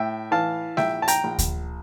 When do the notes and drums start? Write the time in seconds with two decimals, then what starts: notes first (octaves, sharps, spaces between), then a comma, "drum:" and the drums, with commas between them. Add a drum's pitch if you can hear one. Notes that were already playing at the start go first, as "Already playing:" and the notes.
Already playing: A2 E5 G5
0.31 E3 F5 A5
0.77 A#1 E5 G5, drum: snare G#3
1.02 A5
1.08 G5 A#5, drum: hi-hat
1.24 A#1
1.38 drum: kick D2, hi-hat